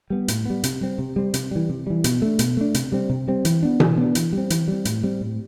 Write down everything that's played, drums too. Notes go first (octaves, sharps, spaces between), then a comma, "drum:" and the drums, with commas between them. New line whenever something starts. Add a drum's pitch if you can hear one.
G3 B3
A2, drum: hi-hat
G3 B3
C3, drum: hi-hat
G3 C4
C3
G3 C4
C3, drum: hi-hat
E3 G3
C3
E3 G3
B2, drum: hi-hat
A3 D4
B2, drum: hi-hat
A3 D4
C3, drum: hi-hat
G3 C4
C3
G3 C4
E3, drum: hi-hat
B3 D4
E3, drum: tom B2
B3 D4
E3, drum: hi-hat
G3 C4
E3, drum: hi-hat
G3 C4
A2, drum: hi-hat
G3 C4
A2